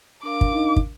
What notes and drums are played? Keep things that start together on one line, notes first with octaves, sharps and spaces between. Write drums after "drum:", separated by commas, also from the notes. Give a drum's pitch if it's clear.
D4 A#4 F5 D6
drum: kick
D#4
drum: kick